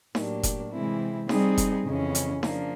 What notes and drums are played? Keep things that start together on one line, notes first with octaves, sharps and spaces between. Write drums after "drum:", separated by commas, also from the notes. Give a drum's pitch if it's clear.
A2 F#3 A#3 D4 G4, drum: snare D#4
drum: kick F1, hi-hat
C3 E3 G#3 C4 E4
G3 C4 D#4 G#4, drum: snare D#4
drum: kick F1, hi-hat
F2 C#3 E3 G#3 C#4
drum: hi-hat
C#3 F3 A#3 D4, drum: snare D#4